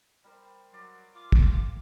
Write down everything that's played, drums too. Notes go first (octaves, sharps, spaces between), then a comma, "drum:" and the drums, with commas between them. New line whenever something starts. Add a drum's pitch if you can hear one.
G3 A#4 C5
F#3 A#4 D5 C6
F4 D6
drum: kick